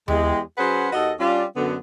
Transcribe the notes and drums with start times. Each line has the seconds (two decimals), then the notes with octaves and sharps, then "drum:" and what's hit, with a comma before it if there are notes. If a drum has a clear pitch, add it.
0.08 E2 G#3 G4, drum: tom D#2
0.58 F#3 C#4 G#4 B4 C5 F#5
0.93 D#2 F#4 A4 D#5
1.20 G3 C#4 D4 F4
1.56 F#2 D3 B3